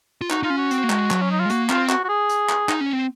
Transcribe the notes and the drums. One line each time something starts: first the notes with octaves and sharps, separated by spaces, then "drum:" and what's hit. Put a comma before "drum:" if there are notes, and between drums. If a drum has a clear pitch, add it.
F4
D#4 F#4, drum: clap
D#4 F4
C#4
F#4
C4, drum: hi-hat
A#3
G#3, drum: clap
F#3, drum: clap
C#4
D#4
F4
G#3
A#3 F#4, drum: hi-hat
C4 F4, drum: clap
F#4, drum: clap
F#4
G#4
drum: hi-hat
drum: clap
D#4, drum: clap
C#4
C4